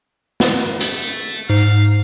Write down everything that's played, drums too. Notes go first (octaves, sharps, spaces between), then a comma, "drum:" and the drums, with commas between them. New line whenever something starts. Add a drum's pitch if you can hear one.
drum: snare
A3, drum: hi-hat
G#2 F5